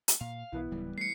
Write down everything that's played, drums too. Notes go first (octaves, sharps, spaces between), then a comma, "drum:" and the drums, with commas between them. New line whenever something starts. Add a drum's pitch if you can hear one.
drum: hi-hat
A#2 F5
B1 E3 B3 E4
D1 C#3 F#3 G3
A3 C7 C#7